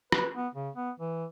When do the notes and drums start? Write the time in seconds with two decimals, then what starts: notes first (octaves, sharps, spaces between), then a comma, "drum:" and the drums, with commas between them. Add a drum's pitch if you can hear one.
0.12 B4, drum: rim click
0.36 B3
0.55 C#3
0.75 B3
1.00 E3